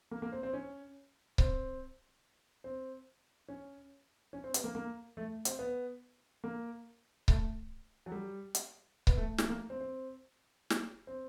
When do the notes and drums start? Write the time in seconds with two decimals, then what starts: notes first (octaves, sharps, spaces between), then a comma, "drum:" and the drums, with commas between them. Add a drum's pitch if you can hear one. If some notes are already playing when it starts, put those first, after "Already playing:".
0.11 A#3
0.22 A#3
0.32 C4
0.43 C4
0.53 C#4
1.38 C4, drum: kick C#1
2.64 C4
3.48 C#4
4.33 C#4
4.44 C4
4.54 B3, drum: hi-hat
4.64 A#3
4.75 A#3
5.17 A3
5.45 C4, drum: hi-hat
5.59 B3
6.44 A#3
7.28 A3, drum: kick C#1
8.06 F#3
8.12 G3
8.55 drum: hi-hat
9.07 B3, drum: kick C#1
9.17 A3
9.38 A3, drum: snare
9.49 A#3
9.70 C4
9.81 C4
10.70 drum: snare
11.07 C4